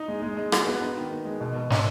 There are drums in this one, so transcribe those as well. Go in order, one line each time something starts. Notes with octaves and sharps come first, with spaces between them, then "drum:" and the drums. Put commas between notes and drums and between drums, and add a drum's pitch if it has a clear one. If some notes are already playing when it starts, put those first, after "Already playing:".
Already playing: D#4
G#3
G#3
G#3
F#4, drum: rim click
B3
D#4
D#3
B3
G#3
B2
B2
D#4, drum: snare